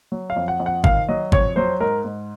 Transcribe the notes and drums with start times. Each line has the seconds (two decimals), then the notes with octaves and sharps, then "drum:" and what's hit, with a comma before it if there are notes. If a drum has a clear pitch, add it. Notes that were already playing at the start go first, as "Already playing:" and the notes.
0.12 F#3
0.30 F5
0.36 F2
0.48 F#5
0.60 F2
0.66 F#5
0.84 D#3 F5, drum: kick
1.09 F#3 D#5
1.32 F2 C#5, drum: kick
1.56 F#3 C5
1.80 G#2 A#4
2.05 G#2